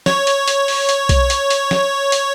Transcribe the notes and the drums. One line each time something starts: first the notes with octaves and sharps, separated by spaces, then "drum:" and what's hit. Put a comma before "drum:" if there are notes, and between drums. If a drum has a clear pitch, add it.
C#5, drum: snare
drum: hi-hat
drum: hi-hat
drum: open hi-hat
drum: hi-hat
drum: kick B1, hi-hat
drum: hi-hat
drum: hi-hat
drum: snare
drum: hi-hat